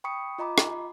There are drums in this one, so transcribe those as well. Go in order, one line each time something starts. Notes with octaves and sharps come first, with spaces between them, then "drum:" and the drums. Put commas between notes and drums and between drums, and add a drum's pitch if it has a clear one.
G5 B5 C#6 D#6 C#7
F4 D#5 A#5 B5 D6
drum: rim click